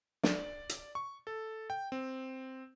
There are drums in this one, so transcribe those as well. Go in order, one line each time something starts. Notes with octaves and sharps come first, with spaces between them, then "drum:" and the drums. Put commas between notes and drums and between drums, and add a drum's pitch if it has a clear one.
D5, drum: snare
drum: hi-hat
C#6
A4
G5
C4